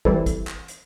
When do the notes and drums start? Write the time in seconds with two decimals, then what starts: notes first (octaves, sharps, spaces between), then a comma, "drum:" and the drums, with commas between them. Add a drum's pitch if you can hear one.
0.05 E3 G3 C4 E4 A4, drum: kick
0.26 drum: kick, hi-hat
0.47 drum: clap
0.68 drum: hi-hat